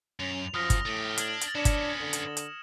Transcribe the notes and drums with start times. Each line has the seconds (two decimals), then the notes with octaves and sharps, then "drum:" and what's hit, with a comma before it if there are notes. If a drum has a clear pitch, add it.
0.20 F#2 C#4 F7
0.54 F#2 F3 D#6 F6 A#6
0.70 drum: kick G1, hi-hat
0.86 A2 A3 G4
1.18 D4 F6 G#6 F#7, drum: hi-hat
1.41 drum: hi-hat
1.55 B3 C#4 D4 C#7 E7
1.65 drum: kick G1, hi-hat
2.00 D3
2.13 drum: hi-hat
2.37 drum: hi-hat